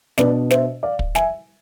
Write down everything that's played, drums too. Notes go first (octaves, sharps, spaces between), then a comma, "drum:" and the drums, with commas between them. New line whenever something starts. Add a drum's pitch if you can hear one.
B2 B3 D4 B4 D5, drum: snare
C5 E5, drum: snare
D5 F5
drum: kick
E5 G#5, drum: snare